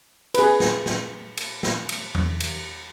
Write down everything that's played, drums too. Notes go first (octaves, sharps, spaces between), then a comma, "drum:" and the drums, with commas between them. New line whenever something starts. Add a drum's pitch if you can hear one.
G#4 B4, drum: cymbal
drum: snare
drum: snare
drum: cymbal
drum: snare
drum: cymbal
drum: tom
drum: cymbal